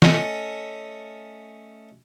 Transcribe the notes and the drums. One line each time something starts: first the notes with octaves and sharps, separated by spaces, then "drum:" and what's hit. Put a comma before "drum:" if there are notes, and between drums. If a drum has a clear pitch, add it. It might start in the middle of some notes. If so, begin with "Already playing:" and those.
A3 C#4 D#5, drum: snare